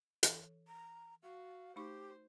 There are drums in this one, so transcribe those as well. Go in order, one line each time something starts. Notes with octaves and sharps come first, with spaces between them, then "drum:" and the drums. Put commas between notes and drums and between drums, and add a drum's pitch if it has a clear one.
E3 A4 C#5, drum: hi-hat
A#5
F#4 F5
A3 D#4 G4 C5 C#6